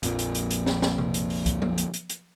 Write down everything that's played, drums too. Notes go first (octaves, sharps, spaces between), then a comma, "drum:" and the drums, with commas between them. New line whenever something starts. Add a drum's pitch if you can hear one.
A#1 F2 A#2, drum: hi-hat
drum: hi-hat
drum: hi-hat
drum: hi-hat
drum: snare
drum: snare
drum: tom C3
drum: hi-hat
drum: open hi-hat
drum: kick, hi-hat
drum: tom F3
drum: hi-hat
drum: hi-hat
drum: hi-hat